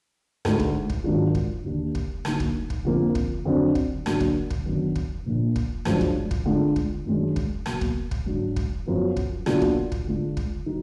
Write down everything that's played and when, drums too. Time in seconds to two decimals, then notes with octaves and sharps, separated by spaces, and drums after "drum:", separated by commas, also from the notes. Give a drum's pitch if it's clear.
0.45 D2 D3 G#3 D#4, drum: rim click
0.59 drum: kick
0.90 drum: kick
1.04 G#2 D#3 F#3 D4 F4
1.35 drum: kick
1.64 D#2 D#3 A#3 D4
1.95 drum: kick
2.25 D3 F#3 A#3 D#4, drum: rim click
2.40 drum: kick
2.70 drum: kick
2.85 F2 D3 F3 A#3 F4
3.15 drum: kick
3.45 F2 D3 F#3 D4
3.75 drum: kick
4.06 D3 F#3 A#3 D4, drum: rim click
4.20 drum: kick
4.50 drum: kick
4.66 F#2 D#3 F#3 B3 D4
4.96 drum: kick
5.26 A#2 F3 A#3 D4
5.56 drum: kick
5.85 F#2 F3 G#3 D4, drum: rim click
6.01 drum: kick
6.31 drum: kick
6.46 D3 G#3 D4 F4
6.76 drum: kick
7.06 F#2 D#3 G#3 D4
7.36 drum: kick
7.66 B2 F#3 A#3, drum: rim click
7.81 drum: kick
8.11 drum: kick
8.26 G#2 F#3 D4
8.56 drum: kick
8.86 F#2 F3 B3
9.16 drum: kick
9.46 B2 F#3 A#3 D4 F4, drum: rim click
9.62 drum: kick
9.92 drum: kick
10.07 D3 G#3 D4 F4
10.37 drum: kick
10.66 F#3 D#4